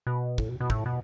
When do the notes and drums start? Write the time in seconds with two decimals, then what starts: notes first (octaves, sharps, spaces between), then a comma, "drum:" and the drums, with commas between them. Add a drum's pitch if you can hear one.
0.07 B2
0.38 A2, drum: kick
0.49 B2
0.60 B2
0.70 A2, drum: kick
0.86 B2